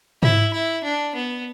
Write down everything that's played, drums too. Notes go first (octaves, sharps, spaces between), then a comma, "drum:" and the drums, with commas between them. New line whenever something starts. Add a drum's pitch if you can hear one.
E4, drum: tom G#2
E4
D4
B3